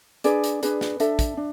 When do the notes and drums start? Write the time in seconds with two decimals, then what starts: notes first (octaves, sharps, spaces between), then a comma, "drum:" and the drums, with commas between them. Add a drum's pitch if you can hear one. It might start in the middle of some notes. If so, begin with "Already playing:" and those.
0.24 D4 G#4 B4 D5, drum: hi-hat
0.44 drum: hi-hat
0.63 D4 G#4 B4, drum: hi-hat
0.81 drum: snare
1.00 D4 A4 E5, drum: hi-hat
1.19 drum: kick, hi-hat
1.37 D4